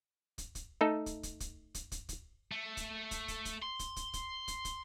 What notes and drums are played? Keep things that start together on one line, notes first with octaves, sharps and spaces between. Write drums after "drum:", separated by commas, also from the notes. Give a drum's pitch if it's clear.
drum: kick, hi-hat
drum: kick, hi-hat
A3 D#4 A4
drum: kick, hi-hat
drum: kick, hi-hat
drum: kick, hi-hat
drum: kick, hi-hat
drum: kick, hi-hat
drum: kick, hi-hat
A3
drum: kick, hi-hat
drum: kick, hi-hat
drum: kick, hi-hat
drum: kick, hi-hat
C6
drum: kick, hi-hat
drum: kick, hi-hat
drum: kick, hi-hat
drum: kick, hi-hat
drum: kick, hi-hat